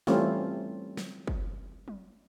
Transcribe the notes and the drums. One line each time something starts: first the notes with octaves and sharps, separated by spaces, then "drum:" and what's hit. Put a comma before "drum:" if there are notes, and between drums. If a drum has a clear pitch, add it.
E3 G3 A3 C4 C#4 F4, drum: snare
drum: snare
drum: kick
drum: tom F#3